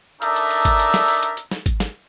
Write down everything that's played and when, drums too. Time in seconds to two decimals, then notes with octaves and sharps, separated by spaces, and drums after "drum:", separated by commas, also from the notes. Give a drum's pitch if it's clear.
0.22 D4 D#4 A4 A#4 D5 E5, drum: hi-hat
0.36 drum: hi-hat
0.51 drum: open hi-hat
0.65 drum: kick G#1, hi-hat
0.79 drum: hi-hat
0.94 drum: snare
1.08 drum: open hi-hat
1.23 drum: hi-hat
1.37 drum: hi-hat
1.51 drum: snare
1.66 drum: kick G#1, hi-hat
1.80 drum: snare